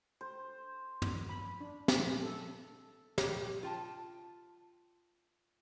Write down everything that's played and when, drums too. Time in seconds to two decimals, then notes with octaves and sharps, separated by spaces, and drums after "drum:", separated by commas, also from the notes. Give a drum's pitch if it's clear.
0.21 C5
1.02 drum: tom
1.29 B5
1.60 D4
1.88 drum: snare
2.23 A4
3.18 G4, drum: snare
3.63 F4 G5 A5